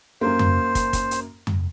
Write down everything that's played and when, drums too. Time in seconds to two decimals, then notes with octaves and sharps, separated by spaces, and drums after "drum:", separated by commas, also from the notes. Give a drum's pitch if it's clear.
0.21 F#2 A#3 C5
0.39 drum: tom F2
0.75 drum: kick, hi-hat
0.93 drum: kick, hi-hat
1.11 drum: hi-hat
1.47 drum: tom F2